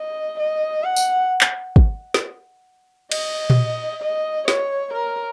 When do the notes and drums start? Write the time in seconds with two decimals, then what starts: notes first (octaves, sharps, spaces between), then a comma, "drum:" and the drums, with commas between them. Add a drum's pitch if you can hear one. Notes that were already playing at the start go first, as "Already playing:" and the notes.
Already playing: D#5
0.40 D#5
0.84 F#5
0.96 drum: tambourine
1.41 drum: clap
1.76 drum: kick
2.14 drum: snare
3.12 D#5, drum: cymbal
3.50 drum: tom A#2
4.03 D#5
4.48 C#5, drum: snare
4.93 A#4